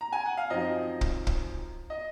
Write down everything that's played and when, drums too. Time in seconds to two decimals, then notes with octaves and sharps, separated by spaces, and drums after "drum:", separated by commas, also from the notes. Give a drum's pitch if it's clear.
0.01 A#5
0.13 G#5
0.26 F#5
0.37 F5
0.50 F#2 F3 C4 D#4 D#5
1.01 drum: kick
1.27 drum: kick
1.90 D#5